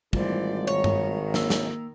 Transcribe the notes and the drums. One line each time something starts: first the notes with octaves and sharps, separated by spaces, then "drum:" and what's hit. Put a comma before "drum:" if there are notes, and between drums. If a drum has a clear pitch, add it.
G#1 E3 G3 A3 F4 C5 D5, drum: kick
D#3 A#4 C#5
drum: tom G2
A#3 E6, drum: snare
drum: snare